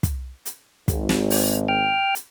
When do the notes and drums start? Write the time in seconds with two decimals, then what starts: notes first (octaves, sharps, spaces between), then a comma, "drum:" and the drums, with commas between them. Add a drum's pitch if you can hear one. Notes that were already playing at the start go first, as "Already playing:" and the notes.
0.03 drum: kick, hi-hat
0.46 drum: hi-hat
0.88 G#1, drum: kick, hi-hat
1.09 drum: snare
1.30 drum: open hi-hat
1.68 G5 F6
2.15 drum: hi-hat